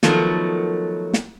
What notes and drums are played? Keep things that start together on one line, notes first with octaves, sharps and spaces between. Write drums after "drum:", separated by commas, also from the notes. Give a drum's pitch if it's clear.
D#3 F3 F#3 A3 B3 A#4, drum: snare
drum: snare